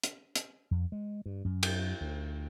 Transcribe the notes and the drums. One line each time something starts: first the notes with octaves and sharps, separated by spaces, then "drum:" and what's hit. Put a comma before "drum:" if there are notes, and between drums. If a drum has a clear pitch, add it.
drum: hi-hat
drum: hi-hat
F2
G#3
G2
F#2
drum: cymbal
D2